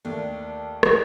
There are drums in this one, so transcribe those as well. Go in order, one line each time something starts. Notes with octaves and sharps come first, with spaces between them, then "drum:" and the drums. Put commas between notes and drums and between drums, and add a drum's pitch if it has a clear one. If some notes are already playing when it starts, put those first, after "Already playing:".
D#2 A3 D4
G#4 G#5, drum: rim click